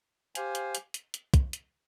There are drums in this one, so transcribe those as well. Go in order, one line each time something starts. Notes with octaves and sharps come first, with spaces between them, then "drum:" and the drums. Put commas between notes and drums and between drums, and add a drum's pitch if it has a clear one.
G4 C5 F5 G#5, drum: hi-hat
drum: hi-hat
drum: hi-hat
drum: hi-hat
drum: hi-hat
drum: kick, hi-hat
drum: hi-hat